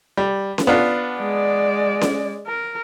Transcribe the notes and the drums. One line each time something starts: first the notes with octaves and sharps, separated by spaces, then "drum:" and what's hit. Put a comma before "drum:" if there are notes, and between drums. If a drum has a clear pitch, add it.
G3
drum: snare C#4
B3 D4 F4
G#3 D5
drum: snare C#4
A#4